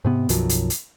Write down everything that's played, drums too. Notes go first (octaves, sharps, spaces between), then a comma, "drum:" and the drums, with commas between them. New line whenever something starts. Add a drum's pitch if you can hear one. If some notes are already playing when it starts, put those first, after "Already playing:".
G#2 C3 B3
B1 F#2 F3 F#3, drum: hi-hat
drum: hi-hat
drum: hi-hat